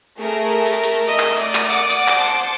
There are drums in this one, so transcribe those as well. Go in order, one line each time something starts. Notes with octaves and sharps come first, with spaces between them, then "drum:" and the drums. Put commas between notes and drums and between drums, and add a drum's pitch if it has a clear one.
A3 G#4 A#4
drum: hi-hat
drum: hi-hat
D#5 E5
drum: clap
D5 D#6, drum: hi-hat
drum: clap
F#5 D6
drum: hi-hat
drum: clap
C5 A5